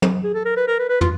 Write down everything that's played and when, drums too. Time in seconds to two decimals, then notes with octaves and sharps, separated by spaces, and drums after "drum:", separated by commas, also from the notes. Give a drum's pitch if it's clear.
0.02 drum: tom
0.24 G#4
0.34 A4
0.45 A#4
0.57 B4
0.68 A#4
0.79 B4
0.90 B4
1.01 F4, drum: tom